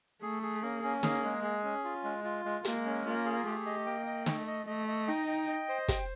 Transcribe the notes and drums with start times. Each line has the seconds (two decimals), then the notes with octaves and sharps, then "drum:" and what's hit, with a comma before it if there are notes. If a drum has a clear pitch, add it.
0.22 A3 G#4
0.43 G#4
0.63 A#3 C#4
0.83 C#4
1.03 A#3 G#4, drum: snare
1.24 G#3
1.44 G#4
1.64 C#4
1.84 F4
2.04 G#3
2.24 F4
2.45 G#3
2.65 G#3 A#3, drum: hi-hat
2.85 C#4
3.06 A#3 F4
3.25 G#4
3.46 A3 G4
3.66 D#5
3.86 A#3 G5
4.06 D#5
4.26 A3 D#5, drum: snare
4.47 D#5
4.67 A3 D#5
4.87 D#5
5.08 D#4 G5
5.28 G5
5.48 D#5
5.69 C5
5.88 G5, drum: kick, hi-hat